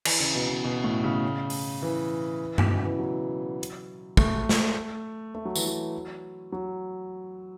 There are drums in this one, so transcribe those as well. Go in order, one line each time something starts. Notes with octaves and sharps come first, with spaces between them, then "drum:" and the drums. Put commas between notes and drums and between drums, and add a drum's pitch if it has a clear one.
E3, drum: cymbal
C#3
B2
B2
B2
A2
C#3
drum: open hi-hat
E3
B2, drum: tom G2
C#3
E3
F#3
drum: hi-hat
A3, drum: kick
drum: snare
A3
F#3
E3, drum: tambourine
F#3
F#3